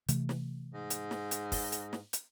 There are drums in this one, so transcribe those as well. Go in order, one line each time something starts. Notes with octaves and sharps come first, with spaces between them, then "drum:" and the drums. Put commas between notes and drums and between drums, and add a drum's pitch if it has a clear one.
C3 E3 A3, drum: hi-hat
drum: snare
G#2
drum: hi-hat
drum: snare
drum: hi-hat
drum: kick, open hi-hat
drum: hi-hat
drum: snare
drum: hi-hat